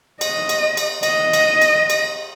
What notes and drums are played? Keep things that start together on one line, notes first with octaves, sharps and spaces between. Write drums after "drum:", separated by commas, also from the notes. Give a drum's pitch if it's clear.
D#5, drum: cymbal
drum: cymbal
drum: cymbal
D#5, drum: cymbal
drum: cymbal
drum: cymbal
drum: cymbal